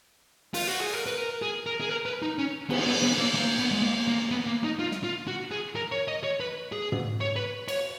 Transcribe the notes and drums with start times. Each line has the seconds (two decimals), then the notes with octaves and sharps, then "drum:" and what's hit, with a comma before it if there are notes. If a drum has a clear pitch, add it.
0.54 F4, drum: open hi-hat
0.67 F#4
0.80 G#4
0.93 A#4
1.06 B4
1.18 A#4
1.42 G#4
1.66 A#4
1.81 G#4
1.89 A#4
2.06 B4
2.22 D#4
2.39 C#4
2.70 B3, drum: cymbal
2.86 B3
3.03 B3
3.18 A#3
3.35 A#3
3.59 B3
3.71 G#3
3.83 A#3
4.07 A#3
4.31 B3
4.47 A#3
4.64 D#4
4.79 F4
4.91 drum: snare
5.04 F4
5.27 F#4
5.51 G#4
5.75 A#4
5.92 C#5
6.08 D#5
6.24 C#5
6.40 B4
6.72 G#4
6.92 drum: tom
7.21 C#5
7.36 B4
7.68 C#5, drum: cymbal